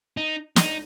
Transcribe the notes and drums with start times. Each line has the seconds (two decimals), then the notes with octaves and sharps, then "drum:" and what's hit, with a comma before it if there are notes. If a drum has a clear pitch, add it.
0.17 D#4
0.56 D#4, drum: snare